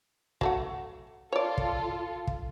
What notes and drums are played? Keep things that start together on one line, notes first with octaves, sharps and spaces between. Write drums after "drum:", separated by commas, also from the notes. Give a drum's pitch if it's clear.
F#3 A3 F#4, drum: kick
F4 A4 C#5 D5
drum: kick
drum: kick